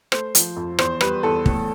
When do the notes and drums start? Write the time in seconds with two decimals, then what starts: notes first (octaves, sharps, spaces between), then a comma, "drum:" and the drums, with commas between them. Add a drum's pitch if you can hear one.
0.12 A3 C5, drum: rim click
0.35 F3, drum: hi-hat
0.56 F2
0.79 E2 C5, drum: rim click
1.01 G3 B4, drum: rim click
1.23 E2 A4
1.46 A2, drum: kick